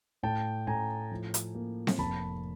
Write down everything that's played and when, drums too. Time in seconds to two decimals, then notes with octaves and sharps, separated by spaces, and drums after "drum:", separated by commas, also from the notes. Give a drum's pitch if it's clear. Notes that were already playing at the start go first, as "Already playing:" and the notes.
0.23 A2 G5 A5
0.67 A2 G#5 A#5
1.11 F3
1.34 drum: hi-hat
1.55 A#3
1.87 drum: snare C4
1.98 F1 A5 B5